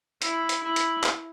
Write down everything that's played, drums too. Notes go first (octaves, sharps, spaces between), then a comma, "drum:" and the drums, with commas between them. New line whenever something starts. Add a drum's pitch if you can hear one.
E4, drum: hi-hat
drum: hi-hat
E4
drum: hi-hat
drum: clap